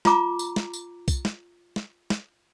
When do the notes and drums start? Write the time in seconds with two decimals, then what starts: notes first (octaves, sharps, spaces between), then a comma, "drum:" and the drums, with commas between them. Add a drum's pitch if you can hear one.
0.05 F4 A#5 D6, drum: snare
0.39 drum: tambourine
0.56 drum: snare
0.73 drum: tambourine
1.08 drum: kick, tambourine
1.25 drum: snare
1.76 drum: snare
2.10 drum: snare